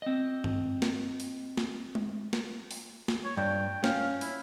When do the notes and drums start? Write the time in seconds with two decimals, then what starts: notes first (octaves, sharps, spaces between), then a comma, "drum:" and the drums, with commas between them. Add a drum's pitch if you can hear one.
0.02 C4 D#5
0.44 drum: tom G2
0.82 drum: snare
1.20 drum: open hi-hat
1.57 drum: snare
1.95 drum: tom G#3
2.33 drum: snare
2.71 drum: open hi-hat
3.08 drum: snare
3.25 C#5
3.37 G2 G5
3.84 C#4 F5, drum: snare
4.21 E4, drum: open hi-hat